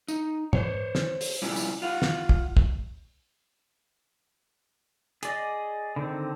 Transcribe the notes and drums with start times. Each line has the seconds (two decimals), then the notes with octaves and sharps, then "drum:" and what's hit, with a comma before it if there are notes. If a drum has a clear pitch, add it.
0.08 D#4, drum: tambourine
0.53 C5 C#5, drum: tom
0.95 drum: snare
1.21 drum: open hi-hat
1.42 G3 C#4 E4 F4
1.56 drum: tambourine
1.82 F4 F5 F#5
2.02 drum: snare
2.29 drum: kick
2.57 drum: kick
5.23 G#4 D5 D#5, drum: hi-hat
5.96 D3 D#3 C4